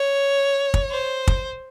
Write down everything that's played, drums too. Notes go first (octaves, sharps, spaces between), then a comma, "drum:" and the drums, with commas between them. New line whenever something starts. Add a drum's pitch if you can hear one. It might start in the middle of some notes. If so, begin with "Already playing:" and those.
Already playing: C#5
drum: kick
C5
drum: kick